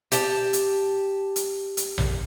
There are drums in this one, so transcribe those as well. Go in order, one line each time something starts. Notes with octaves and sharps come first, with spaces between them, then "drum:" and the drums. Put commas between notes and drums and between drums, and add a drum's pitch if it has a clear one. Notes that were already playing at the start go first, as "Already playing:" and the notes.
G4 A5, drum: hi-hat
drum: hi-hat
drum: hi-hat
drum: hi-hat
drum: tom A#1